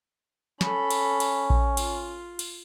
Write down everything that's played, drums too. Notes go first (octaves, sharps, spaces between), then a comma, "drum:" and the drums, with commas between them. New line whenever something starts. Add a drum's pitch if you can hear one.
C#4 A4 B5, drum: snare
drum: cymbal
drum: cymbal
drum: kick A#1
F4, drum: cymbal
drum: cymbal